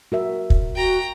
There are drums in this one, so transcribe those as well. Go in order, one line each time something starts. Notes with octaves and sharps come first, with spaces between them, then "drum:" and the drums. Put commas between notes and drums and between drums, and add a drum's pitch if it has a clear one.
F#4 A#4 E5
drum: kick
F#4 G5 A#5